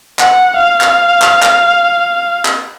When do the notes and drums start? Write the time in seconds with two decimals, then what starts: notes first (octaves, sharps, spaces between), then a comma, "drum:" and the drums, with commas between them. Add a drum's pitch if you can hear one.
0.19 F#5, drum: clap
0.56 F5
0.81 drum: clap
1.22 drum: clap
1.42 drum: clap
2.45 drum: clap